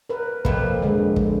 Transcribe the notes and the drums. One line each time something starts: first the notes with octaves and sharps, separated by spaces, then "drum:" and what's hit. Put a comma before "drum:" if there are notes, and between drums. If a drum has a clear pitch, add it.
A#4 B4
F2 C3 A#3 B4, drum: kick
D3 G#3
drum: kick